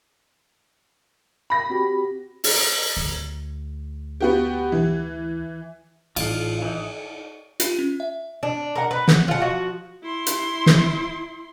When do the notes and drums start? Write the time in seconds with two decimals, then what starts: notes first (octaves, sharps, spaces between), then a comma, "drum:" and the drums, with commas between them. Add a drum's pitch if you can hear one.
1.50 B5 A#6
1.70 C4 F#4 G4
2.44 drum: open hi-hat
2.97 D2
4.20 B3 F#4 G4
4.72 E3
6.16 A1 F4 F5, drum: cymbal
6.62 E3 D#4
7.60 F4, drum: hi-hat
7.79 C#4
8.00 E5
8.43 D4
8.76 A#4 F#5
8.91 B4
9.08 F#5, drum: snare
9.28 F4 F#5
9.40 F3 F#4
10.03 E4 C6
10.27 drum: hi-hat
10.66 drum: snare